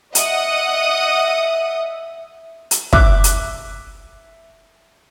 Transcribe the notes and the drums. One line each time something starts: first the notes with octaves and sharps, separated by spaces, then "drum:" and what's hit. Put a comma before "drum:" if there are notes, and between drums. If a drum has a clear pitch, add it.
D#5 E5 F#5 D#6, drum: hi-hat
drum: hi-hat
E5 D6 F#6, drum: kick
drum: hi-hat